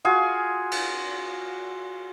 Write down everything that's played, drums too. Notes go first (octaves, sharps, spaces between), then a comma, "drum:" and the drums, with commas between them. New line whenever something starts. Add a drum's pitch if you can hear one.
F4 F#4 G#4
drum: cymbal